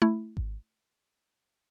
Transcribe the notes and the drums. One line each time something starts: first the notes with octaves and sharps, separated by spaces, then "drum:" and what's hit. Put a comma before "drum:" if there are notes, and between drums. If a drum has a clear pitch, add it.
A3 E4
drum: kick G#1